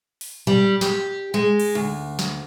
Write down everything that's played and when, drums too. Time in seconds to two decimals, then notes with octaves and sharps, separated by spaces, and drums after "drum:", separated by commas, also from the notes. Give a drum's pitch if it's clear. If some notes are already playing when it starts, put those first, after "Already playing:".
0.21 drum: open hi-hat
0.47 G3, drum: tom A#2
0.81 G4, drum: snare
1.34 G#3
1.60 drum: cymbal
1.75 D2
2.19 drum: snare